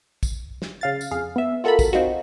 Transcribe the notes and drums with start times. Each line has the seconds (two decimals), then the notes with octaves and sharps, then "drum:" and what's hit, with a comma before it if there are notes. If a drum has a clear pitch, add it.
0.23 drum: kick, tambourine
0.62 drum: snare
0.81 C#3 F5 A6
1.01 drum: tambourine
1.11 F2 G#4 F5
1.36 B3 E5
1.64 F4 F#4 A4 A#4 A5 B5
1.79 drum: kick, tambourine
1.93 C4 D#4 F4 F#4